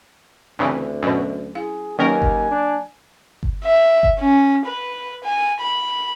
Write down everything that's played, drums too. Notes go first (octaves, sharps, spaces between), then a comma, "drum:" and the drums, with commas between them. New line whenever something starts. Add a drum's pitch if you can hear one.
D2 G2 C#3 E3 C4 D4 G#5
F#2 B2 F#3 C#4 D#5
E4 G#4 F5
D#2 D#3 F#3 A#3 C#4 A#4 B4 G#5
drum: kick G1
D4
drum: kick G1
E5
drum: kick G1
C#4
B4
G#5
B5